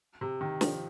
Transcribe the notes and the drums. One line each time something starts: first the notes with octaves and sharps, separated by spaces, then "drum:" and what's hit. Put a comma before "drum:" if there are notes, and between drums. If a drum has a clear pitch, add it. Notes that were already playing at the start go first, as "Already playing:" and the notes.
C3
D#3
F3, drum: snare